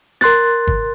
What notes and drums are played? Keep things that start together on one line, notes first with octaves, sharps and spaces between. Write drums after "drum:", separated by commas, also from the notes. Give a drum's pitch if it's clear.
A#4 C6 F#6 A6, drum: rim click
drum: kick G1